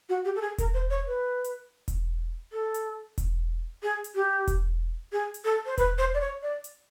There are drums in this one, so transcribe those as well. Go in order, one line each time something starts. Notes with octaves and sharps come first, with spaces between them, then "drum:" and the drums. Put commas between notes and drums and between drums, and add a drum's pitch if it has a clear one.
F#4
G4
A4
G#4
A#4, drum: kick E1, hi-hat
C5
C#5
B4
drum: hi-hat
drum: kick E1, hi-hat
A4
drum: hi-hat
drum: kick E1, hi-hat
G#4
drum: hi-hat
G4
drum: kick E1, hi-hat
G#4
drum: hi-hat
A4
C5
B4, drum: kick E1, hi-hat
C5
D5
C#5
D5
drum: hi-hat